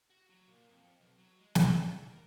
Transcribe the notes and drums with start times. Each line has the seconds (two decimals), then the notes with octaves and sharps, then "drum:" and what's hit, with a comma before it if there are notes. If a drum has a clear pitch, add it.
0.10 F#4
0.30 F#3
0.48 A#2
0.69 F2
1.00 B1
1.18 F#3
1.38 G#3
1.55 D4, drum: snare
1.90 E5
2.10 A#4